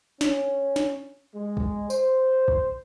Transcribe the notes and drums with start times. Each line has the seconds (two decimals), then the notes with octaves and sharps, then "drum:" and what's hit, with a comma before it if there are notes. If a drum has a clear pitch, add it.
0.21 C#4, drum: snare
0.76 drum: snare
1.35 G#3
1.57 drum: kick
1.90 C5, drum: tambourine
2.48 drum: kick